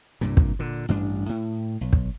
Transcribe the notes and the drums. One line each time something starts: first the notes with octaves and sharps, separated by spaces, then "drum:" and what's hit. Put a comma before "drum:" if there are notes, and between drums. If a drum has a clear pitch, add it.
C2 G2 A#2
drum: kick
A#2 D3
A1 G2 D4
A2
B1
drum: kick